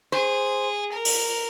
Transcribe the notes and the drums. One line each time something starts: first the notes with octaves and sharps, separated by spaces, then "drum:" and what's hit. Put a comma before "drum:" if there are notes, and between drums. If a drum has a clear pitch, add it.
G#4 C5
A#4
drum: open hi-hat